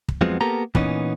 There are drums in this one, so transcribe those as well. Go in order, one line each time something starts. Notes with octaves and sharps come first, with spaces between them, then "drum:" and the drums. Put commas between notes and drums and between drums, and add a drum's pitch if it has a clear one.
drum: kick
F2 F3 F#3 G#3 B3 C4
A#3 B3 G4 A4 A#4 A#5
A#2 E3 B3 C#4 D#4, drum: kick